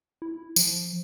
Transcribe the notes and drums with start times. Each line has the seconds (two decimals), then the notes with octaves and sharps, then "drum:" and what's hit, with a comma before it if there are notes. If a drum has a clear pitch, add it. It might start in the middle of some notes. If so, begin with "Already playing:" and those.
0.22 E4
0.56 F3, drum: tambourine